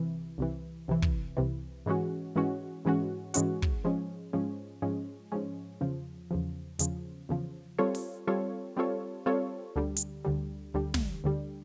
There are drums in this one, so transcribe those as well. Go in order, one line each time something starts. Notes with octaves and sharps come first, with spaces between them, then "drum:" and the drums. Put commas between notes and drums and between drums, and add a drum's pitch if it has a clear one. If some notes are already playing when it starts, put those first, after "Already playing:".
Already playing: C2 C3 E3
C2 C3 E3
C2 C3 E3
drum: kick
C2 C3 E3
G#2 E3 G#3 C#4 F#4
G#2 E3 G#3 C#4 F#4
G#2 E3 G#3 C#4 F#4
G#2 E3 G#3 C#4 F#4, drum: hi-hat
drum: kick
G#2 F3 G#3 C#4
G#2 F3 G#3 C#4
G#2 F3 G#3 C#4
G#2 F3 G#3 C#4
E2 C#3 F3
E2 C#3 F3
E2 C#3 F3, drum: hi-hat
E2 C#3 F3
G3 C4 F4 A4 C#5
drum: open hi-hat
G3 C4 F4 A4 C#5
G3 C4 F4 A4 C#5
G3 C4 F4 A4 C#5
D2 D3 G3
drum: hi-hat
D2 D3 G3
D2 D3 G3
drum: snare
D2 D3 G3